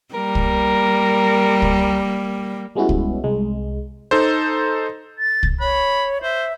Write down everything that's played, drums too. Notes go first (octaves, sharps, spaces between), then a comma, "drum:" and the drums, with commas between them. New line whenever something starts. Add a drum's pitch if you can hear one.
G3 A#3 A#4
drum: kick C2
drum: kick C2
G3 G#3 B3 C#4 E4 F#4
drum: kick C2
C2 G#3
D#4 A4 C5
A6
drum: kick C2
C#5 B5
C5 E5